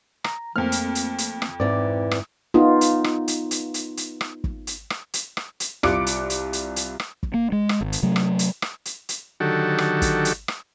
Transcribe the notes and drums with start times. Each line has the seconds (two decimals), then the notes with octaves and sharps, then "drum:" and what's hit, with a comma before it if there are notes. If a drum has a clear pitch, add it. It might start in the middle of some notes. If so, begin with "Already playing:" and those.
0.24 A#5, drum: rim click
0.56 F2 A3 A#3 C4 F6
0.72 drum: hi-hat
0.95 drum: hi-hat
1.18 drum: hi-hat
1.42 drum: rim click
1.60 G#2 E3 C4 D5 D6
2.11 drum: rim click
2.54 B3 D#4 F4
2.81 drum: hi-hat
3.04 drum: rim click
3.28 drum: hi-hat
3.51 drum: hi-hat
3.74 drum: hi-hat
3.97 drum: hi-hat
4.21 drum: rim click
4.44 drum: kick
4.67 drum: hi-hat
4.90 drum: rim click
5.14 drum: hi-hat
5.37 drum: rim click
5.60 drum: hi-hat
5.83 C2 F4 D6 F#6 C#7 D7, drum: rim click
6.07 drum: hi-hat
6.30 drum: hi-hat
6.53 drum: hi-hat
6.76 drum: hi-hat
6.99 drum: rim click
7.23 drum: kick
7.34 A#3
7.52 G#3
7.69 drum: rim click
7.81 G#1
7.92 drum: hi-hat
8.03 C3 F#3 A3
8.16 drum: rim click
8.39 drum: hi-hat
8.62 drum: rim click
8.85 drum: hi-hat
9.09 drum: hi-hat
9.40 D3 D#3 F#3 F#4 G4 A4
9.78 drum: rim click
10.02 drum: kick, hi-hat
10.25 drum: hi-hat
10.48 drum: rim click